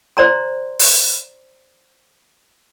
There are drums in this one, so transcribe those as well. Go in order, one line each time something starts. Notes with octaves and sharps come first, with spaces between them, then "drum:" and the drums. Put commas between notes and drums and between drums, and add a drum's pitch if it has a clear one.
C5 D5 A#5 C6
drum: open hi-hat